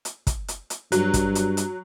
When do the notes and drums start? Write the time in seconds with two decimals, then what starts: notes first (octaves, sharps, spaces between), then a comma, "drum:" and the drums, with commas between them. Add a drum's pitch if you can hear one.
0.05 drum: hi-hat
0.27 drum: kick, hi-hat
0.48 drum: hi-hat
0.70 drum: hi-hat
0.92 G2 F#3, drum: hi-hat
1.14 drum: kick, hi-hat
1.35 drum: hi-hat
1.57 drum: hi-hat